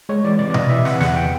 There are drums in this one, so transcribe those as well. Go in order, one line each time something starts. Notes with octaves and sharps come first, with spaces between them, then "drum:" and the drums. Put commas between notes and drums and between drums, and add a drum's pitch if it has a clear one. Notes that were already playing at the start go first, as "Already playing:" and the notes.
G#3 C#5
E3 D5
C3 D5
D5
E3 D#5, drum: tom B2
E3 E5
C3 F#5, drum: snare
E2 F#5, drum: snare
E3 G5